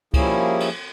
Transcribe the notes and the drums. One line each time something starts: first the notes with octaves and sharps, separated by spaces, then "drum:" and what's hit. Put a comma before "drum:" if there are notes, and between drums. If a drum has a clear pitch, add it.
F3 G3 A#3 C#4 E4 G#4, drum: kick C#2, cymbal
drum: cymbal